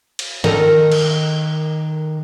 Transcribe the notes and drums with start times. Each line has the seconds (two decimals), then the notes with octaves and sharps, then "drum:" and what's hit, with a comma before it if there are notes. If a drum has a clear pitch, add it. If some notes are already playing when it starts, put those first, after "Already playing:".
0.19 drum: cymbal
0.44 D#3 A4 A#4 D#5, drum: snare
0.92 drum: cymbal